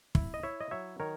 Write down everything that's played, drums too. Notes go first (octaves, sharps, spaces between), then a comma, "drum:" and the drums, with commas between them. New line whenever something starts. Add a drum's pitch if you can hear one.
E4, drum: kick
D#5
E4 C#5 E5
D#5
F#3 C#5 E5
D#3 A#4 C#5